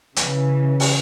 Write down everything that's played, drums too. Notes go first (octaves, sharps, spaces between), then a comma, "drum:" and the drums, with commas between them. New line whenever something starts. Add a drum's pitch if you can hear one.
C#3 E3, drum: hi-hat
drum: open hi-hat